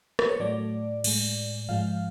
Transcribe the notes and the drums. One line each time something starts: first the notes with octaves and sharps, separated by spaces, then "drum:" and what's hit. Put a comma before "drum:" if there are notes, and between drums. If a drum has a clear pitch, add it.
B4, drum: rim click
C#5
A2 F#3 A3 D5
A2 G#3, drum: cymbal
G#2 F3 G#3 F5